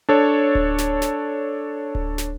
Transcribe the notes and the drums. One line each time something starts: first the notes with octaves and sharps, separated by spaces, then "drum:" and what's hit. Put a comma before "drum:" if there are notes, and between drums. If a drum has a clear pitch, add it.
D4 A4 C#5
drum: kick D1
drum: snare
drum: snare
drum: kick D1
drum: snare